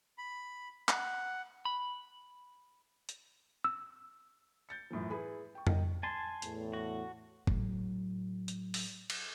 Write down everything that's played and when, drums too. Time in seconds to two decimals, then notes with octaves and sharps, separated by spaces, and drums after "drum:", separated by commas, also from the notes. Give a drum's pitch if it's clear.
0.18 B5
0.89 F#5, drum: clap
1.65 B5
3.09 drum: hi-hat
3.64 E6
4.69 G6 A6 C#7
4.91 F#2 A2 E3 F3
5.10 E4 G#4 B4 B5
5.55 G5 C#6
5.67 A#4 D#5 G5, drum: tom F2
6.03 G#5 A5 C6
6.42 E2 A2, drum: hi-hat
6.73 F#4
7.47 A2 F#3, drum: kick
8.48 drum: hi-hat
8.74 drum: open hi-hat
9.10 drum: cymbal